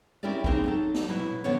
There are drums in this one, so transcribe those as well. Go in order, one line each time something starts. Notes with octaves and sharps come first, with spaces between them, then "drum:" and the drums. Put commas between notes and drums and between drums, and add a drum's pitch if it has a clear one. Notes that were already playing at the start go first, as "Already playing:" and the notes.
C4 C#4 E4 G4 A#4 D5
A#3 C4 D#4 G#4 A#4 B4, drum: kick
F#3 D#4 A4
drum: snare
F#3 E4 B4
drum: tom
D3 E3 B3 C#4 C5 C#5